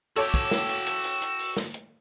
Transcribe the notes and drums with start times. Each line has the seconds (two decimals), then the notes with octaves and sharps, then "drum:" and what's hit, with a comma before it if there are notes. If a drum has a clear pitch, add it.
0.16 F#4 A4 C#5 G5 D6 E6, drum: hi-hat
0.34 drum: kick, hi-hat
0.51 drum: snare
0.69 drum: hi-hat
0.86 drum: hi-hat
1.04 drum: hi-hat
1.21 drum: hi-hat
1.39 drum: open hi-hat
1.57 drum: snare
1.74 drum: hi-hat